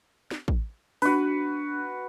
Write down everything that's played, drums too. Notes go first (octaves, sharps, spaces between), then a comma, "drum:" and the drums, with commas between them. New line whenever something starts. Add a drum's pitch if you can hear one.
drum: snare
drum: kick
D4 F#4 B4, drum: open hi-hat